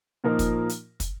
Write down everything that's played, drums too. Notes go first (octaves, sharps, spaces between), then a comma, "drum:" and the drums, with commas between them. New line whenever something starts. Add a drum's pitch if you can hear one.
A#2 F3 A#3 D#4 A#4
drum: kick, hi-hat
drum: hi-hat
drum: kick, hi-hat